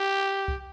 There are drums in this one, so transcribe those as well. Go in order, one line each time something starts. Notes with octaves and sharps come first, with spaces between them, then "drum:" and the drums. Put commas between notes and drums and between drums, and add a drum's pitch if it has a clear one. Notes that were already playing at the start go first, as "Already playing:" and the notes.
Already playing: G4
drum: kick C2